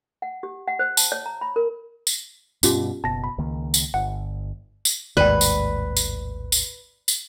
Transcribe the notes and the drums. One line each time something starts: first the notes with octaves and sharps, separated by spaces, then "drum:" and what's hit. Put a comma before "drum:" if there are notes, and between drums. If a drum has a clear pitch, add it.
F#5
G4
F#5
C5
A5, drum: tambourine
C#5
A#5
B5
A#4
drum: tambourine
G2 B2 C#4 F4 G4, drum: tambourine
F#1 B2 A5 A#6
B5
C#2 D#3 A#3
drum: tambourine
G1 F#5
drum: tambourine
A1 D#2 G#2 B4 D5 G5
drum: tambourine
drum: tambourine
drum: tambourine
drum: tambourine